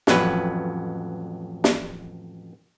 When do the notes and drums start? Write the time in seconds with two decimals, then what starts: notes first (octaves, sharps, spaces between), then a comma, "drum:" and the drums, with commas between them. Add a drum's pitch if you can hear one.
0.07 A1 F2 F#3 B4, drum: snare
1.64 drum: snare